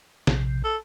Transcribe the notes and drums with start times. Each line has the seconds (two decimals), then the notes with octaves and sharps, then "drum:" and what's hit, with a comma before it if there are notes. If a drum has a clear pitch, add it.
0.27 A#1 C3, drum: snare
0.64 A4